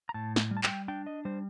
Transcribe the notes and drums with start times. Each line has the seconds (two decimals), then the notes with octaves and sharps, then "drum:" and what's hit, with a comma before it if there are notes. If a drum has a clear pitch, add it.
0.09 A#5
0.14 A2 A5
0.36 drum: snare
0.51 G3
0.57 A5
0.63 G5, drum: clap
0.88 D4 G5
1.07 D#5
1.25 G3 C5